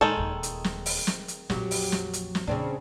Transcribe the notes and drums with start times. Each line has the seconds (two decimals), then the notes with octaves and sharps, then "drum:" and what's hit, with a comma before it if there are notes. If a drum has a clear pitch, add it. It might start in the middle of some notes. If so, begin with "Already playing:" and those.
0.01 A#2 D#3 G#3 A4
0.17 D#1 D#2
0.43 drum: hi-hat
0.64 drum: snare
0.86 drum: open hi-hat
1.07 drum: snare
1.28 drum: hi-hat
1.50 A#1 F2 F#3 G4, drum: snare
1.71 drum: open hi-hat
1.92 drum: snare
2.13 drum: hi-hat
2.35 drum: snare
2.47 E2 A#2 C#3 C4 D4